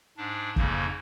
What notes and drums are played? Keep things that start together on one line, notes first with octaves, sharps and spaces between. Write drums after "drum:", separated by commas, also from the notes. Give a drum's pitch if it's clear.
G#2 D4
F2 G#2 C#3 A#3, drum: kick